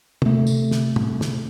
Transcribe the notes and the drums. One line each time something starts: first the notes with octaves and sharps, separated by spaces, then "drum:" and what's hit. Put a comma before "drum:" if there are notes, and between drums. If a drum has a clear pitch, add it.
C3 A3, drum: tom
drum: tambourine
drum: snare
drum: tom
drum: snare